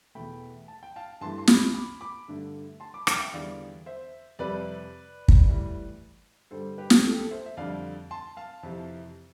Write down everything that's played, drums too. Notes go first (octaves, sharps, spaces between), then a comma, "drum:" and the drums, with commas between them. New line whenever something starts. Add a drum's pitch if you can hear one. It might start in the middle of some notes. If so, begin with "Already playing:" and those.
E2 B2 A3 G5 B5
A5
G5
F5 A5
G2 E3 A3 A5 C6
C6
B5 D6, drum: snare
B5 D6
B5 D6
G2 D3 A3
A5 C6
B5 D6
G5 B5, drum: rim click
F5
E5 G5
E2 D3 G3 D5 F5
C5 E5
F2 C3 G3 B4 D5
drum: kick
A2 E3 G3
G2 D3 G3 A4 C5
G4 B4
drum: snare
A4
G4
A4
C5 E5
E5
F2 D3 G3 D5 F5
A5 C6
F5 A5
F2 C3 E3